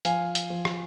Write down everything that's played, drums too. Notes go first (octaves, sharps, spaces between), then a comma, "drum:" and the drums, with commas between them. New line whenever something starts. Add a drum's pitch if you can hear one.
F3 F5 G#5, drum: hi-hat
drum: hi-hat
F3
drum: rim click